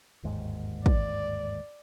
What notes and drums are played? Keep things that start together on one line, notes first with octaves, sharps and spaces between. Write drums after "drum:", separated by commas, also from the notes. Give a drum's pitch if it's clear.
G1 D#2 G#2
D5, drum: kick